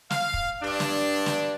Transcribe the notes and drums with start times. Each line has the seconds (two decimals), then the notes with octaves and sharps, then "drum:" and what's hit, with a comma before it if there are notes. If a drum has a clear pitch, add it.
0.10 F5, drum: snare
0.34 drum: kick
0.62 G2 D4
0.80 drum: snare
1.26 drum: snare